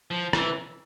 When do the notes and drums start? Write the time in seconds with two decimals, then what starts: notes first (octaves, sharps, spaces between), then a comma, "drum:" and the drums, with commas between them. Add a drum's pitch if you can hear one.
0.11 F3
0.33 E3, drum: rim click